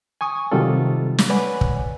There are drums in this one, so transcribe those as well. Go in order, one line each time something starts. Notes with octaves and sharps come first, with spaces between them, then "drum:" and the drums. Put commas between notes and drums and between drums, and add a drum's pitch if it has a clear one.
G#5 C#6 D#6
C3 D#3 F#3 G3 F4 A4
drum: snare
B4 C#5 D5 F#5 G#5 B5
drum: kick